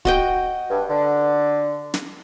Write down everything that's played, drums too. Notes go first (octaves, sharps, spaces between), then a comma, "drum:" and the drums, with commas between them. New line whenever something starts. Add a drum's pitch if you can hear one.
F#4 D#5 G5, drum: kick
G2
D3
drum: snare